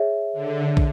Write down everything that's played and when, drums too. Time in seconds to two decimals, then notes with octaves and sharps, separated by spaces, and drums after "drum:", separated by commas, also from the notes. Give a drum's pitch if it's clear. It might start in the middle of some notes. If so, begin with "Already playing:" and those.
Already playing: G#4 C#5 E5
0.33 D3
0.77 drum: kick